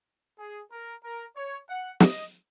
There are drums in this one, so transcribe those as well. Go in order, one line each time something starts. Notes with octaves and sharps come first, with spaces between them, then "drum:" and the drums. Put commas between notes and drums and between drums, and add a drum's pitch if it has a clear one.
G#4
A#4
A#4
C#5
F#5
D#5, drum: snare